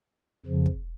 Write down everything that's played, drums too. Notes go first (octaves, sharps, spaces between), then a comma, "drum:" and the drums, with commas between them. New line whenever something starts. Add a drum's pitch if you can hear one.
F2 C#3 F3
drum: kick